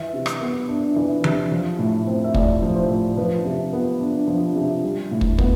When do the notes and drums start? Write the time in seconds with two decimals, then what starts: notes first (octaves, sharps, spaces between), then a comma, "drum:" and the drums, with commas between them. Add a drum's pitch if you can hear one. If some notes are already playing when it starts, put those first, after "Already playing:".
Already playing: E3 E5
0.13 C3
0.26 drum: rim click
0.41 B3
0.68 D4
0.96 E3
1.24 C3, drum: tom E3
1.52 F3
1.79 A2
2.07 C4
2.24 E5
2.34 A2 D5, drum: kick
2.62 F3
2.76 C5
2.90 A2
3.17 F3 B4
3.45 C3
3.73 B3
4.00 D4
4.28 F3
4.56 C3
4.83 G3
5.11 A2
5.21 drum: kick
5.39 B3, drum: kick